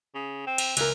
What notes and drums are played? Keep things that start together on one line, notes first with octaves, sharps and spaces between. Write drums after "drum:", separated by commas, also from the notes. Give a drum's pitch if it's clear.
C#3
C4
drum: cymbal
C#2 E3 A#4, drum: cymbal